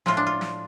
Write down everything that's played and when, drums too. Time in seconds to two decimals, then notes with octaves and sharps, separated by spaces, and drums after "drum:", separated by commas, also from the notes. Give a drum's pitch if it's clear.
0.06 A2 F3 G#3 F4, drum: snare
0.17 D4
0.27 F4
0.41 drum: snare